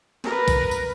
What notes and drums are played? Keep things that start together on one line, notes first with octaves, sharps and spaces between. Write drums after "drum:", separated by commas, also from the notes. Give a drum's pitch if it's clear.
A#4 B4, drum: snare
drum: kick, tambourine
drum: tambourine